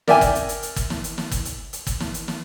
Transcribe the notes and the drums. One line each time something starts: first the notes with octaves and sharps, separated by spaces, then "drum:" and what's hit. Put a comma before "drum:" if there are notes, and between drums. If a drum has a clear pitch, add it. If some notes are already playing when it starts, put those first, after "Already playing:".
A#4 D5 E5 G5 G#5, drum: snare
drum: kick G1, hi-hat
drum: hi-hat
drum: hi-hat
drum: hi-hat
drum: kick G1, hi-hat
drum: snare
drum: hi-hat
drum: snare
drum: kick G1, hi-hat
drum: hi-hat
drum: hi-hat
drum: kick G1, hi-hat
drum: snare
drum: hi-hat
drum: snare